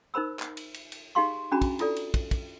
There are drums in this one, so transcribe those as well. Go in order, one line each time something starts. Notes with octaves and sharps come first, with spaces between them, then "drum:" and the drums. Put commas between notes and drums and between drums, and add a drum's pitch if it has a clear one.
D#4 A#4 C5 B5 E6
drum: clap
drum: cymbal
drum: cymbal
drum: cymbal
D#4 G4 G#4 F5 C6 C#6
C#4 D4 F#4 G#4 A#5 B5
drum: kick, cymbal
E4 F4 A4 D5, drum: cymbal
drum: cymbal
drum: kick, cymbal
drum: kick, cymbal